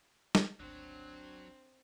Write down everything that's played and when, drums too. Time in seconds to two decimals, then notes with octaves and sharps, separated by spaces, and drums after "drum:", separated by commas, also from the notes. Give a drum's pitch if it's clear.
0.35 drum: snare
0.60 G#1 D2 F#3 C4 D4